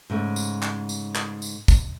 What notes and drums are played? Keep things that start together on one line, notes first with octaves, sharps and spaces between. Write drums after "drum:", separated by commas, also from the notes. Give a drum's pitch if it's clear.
G#2 C#3 A3 C#4
drum: tambourine
drum: clap
drum: tambourine
drum: clap
drum: tambourine
drum: kick, tambourine